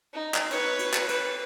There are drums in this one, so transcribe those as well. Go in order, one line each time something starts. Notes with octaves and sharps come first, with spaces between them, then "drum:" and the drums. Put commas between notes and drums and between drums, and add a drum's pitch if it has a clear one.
D#4
drum: clap
B4 C#5, drum: cymbal
drum: cymbal
drum: clap
B4, drum: cymbal